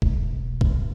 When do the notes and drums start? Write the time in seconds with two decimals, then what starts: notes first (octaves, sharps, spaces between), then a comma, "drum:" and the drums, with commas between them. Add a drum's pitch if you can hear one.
0.02 E1, drum: kick A#1
0.61 drum: kick A#1